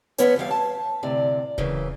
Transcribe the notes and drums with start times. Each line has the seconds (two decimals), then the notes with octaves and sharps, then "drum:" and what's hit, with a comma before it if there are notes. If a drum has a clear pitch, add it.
0.18 F3 B3 C#4 E4 C#5 G#5, drum: hi-hat
0.36 F2 E3 G3 F5
0.51 A5
1.03 D2 A2 C3 D5
1.58 F#2 C#3 E3, drum: kick D#1